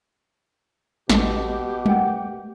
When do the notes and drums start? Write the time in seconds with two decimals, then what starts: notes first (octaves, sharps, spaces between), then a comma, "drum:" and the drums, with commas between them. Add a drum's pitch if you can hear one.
1.10 A1 B2 G4 A4 D#5 A5, drum: snare
1.86 A3 A#4 F#5 G5, drum: tom G3